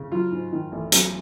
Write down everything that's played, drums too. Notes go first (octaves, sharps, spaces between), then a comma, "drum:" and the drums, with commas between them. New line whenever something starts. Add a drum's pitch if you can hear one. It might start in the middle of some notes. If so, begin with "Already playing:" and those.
Already playing: C#3
F#3 F4
G#2
D#3
A1
F#3, drum: hi-hat